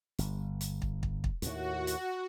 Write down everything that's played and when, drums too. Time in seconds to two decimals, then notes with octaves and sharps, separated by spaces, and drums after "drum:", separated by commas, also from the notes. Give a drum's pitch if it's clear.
0.18 G1, drum: hi-hat
0.61 drum: hi-hat
0.82 drum: kick
1.03 drum: kick
1.24 drum: kick
1.42 D#2 A2 F#4, drum: hi-hat
1.87 drum: hi-hat